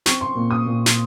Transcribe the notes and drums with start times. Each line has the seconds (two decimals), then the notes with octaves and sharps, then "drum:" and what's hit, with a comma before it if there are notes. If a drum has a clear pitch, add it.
0.06 C4 C#6, drum: snare
0.21 C6
0.35 A#2
0.51 D#6
0.66 A#2
0.86 drum: snare